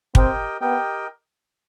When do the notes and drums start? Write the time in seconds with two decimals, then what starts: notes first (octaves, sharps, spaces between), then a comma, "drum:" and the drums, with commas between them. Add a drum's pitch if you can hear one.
0.15 C4 G4 A#4 D#5 G5, drum: kick
0.61 B3 G4 A#4 D#5 G5